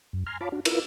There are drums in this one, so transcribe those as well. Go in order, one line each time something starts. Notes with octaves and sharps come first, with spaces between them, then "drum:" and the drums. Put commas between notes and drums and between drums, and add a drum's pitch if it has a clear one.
F#2
G#5 A#5 C6 F6
F4 C#5 F5 A5 B5 D6
D4 F#4
E4 F4 A#4 B4, drum: cymbal